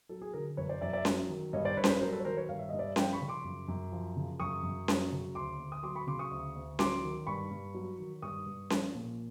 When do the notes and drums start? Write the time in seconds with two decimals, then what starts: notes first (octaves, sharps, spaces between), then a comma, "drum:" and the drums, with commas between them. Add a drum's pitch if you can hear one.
0.09 F#3 A4
0.22 G#4
0.33 D3 G#4 A#4
0.57 F#2 B4 C#5
0.69 C5 D5
0.81 F#2 D5 E5
0.93 D5 E5
1.05 F#3, drum: snare C#4
1.29 D#3
1.53 G2 C#5 D#5
1.65 C5 D5
1.77 G2 B4 C#5
1.84 C5, drum: snare C#4
1.89 B4 C#5
2.01 F#3 A#4 C5
2.13 A4 B4
2.20 C#5
2.25 D#3 A#4 C5
2.37 B4 C#5
2.49 G2 F5
2.59 E5
2.69 G2 D#5
2.79 D5 E5
2.96 F3 F5 G5, drum: snare C#4
3.12 B5 C#6
3.21 C#3
3.28 C6 D6
3.44 F#2
3.68 F#2
3.92 F3
4.16 C#3
4.40 F#2 C#6 D#6
4.63 F#2
4.88 F#3, drum: snare C#4
5.12 C#3
5.35 D2 C6 D6
5.60 D2
5.72 D#6
5.83 F#3 C6 D6
5.95 B5 C#6
6.07 C#3 C6 D6
6.19 C#6 D#6
6.31 D2
6.56 D2
6.79 F#3 C6 D6, drum: snare C#4
7.03 D#3
7.26 G2 B5 C#6
7.51 G2
7.74 F#3
7.99 D#3
8.22 G2 C#6 D#6
8.46 G2
8.70 F3, drum: snare C#4
8.94 A#2